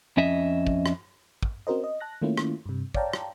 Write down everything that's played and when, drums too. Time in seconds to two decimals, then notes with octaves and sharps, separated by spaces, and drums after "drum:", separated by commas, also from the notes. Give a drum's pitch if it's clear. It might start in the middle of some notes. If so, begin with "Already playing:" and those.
0.17 F2 C#4 D#5 E5
0.67 drum: kick
0.86 drum: rim click
1.43 drum: kick
1.67 C4 C#4 F#4 A#4 C5 D#5
1.84 D#5
2.00 A5 F#6 A#6
2.22 D#3 A3 A#3 C#4 E4 F4
2.37 drum: rim click
2.66 G2 C3
2.94 C#5 D5 F5 G5 A5 A#5, drum: kick
3.13 drum: rim click